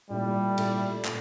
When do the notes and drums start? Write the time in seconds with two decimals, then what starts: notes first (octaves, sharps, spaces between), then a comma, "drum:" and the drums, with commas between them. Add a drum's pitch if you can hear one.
0.10 A#2 G3 A3 E4
0.58 A#2 A3 E4, drum: cymbal
1.05 A#2 A3, drum: clap